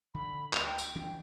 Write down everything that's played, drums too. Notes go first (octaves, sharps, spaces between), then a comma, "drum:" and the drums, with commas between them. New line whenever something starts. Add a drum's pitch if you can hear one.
D3 B5
D2 F7, drum: clap
G5
drum: tambourine
E3 C#4 D4